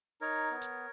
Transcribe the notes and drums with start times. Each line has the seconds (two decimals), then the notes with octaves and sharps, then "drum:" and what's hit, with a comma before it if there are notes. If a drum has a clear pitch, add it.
0.21 D#4 A#4 C#5
0.51 B3
0.62 drum: hi-hat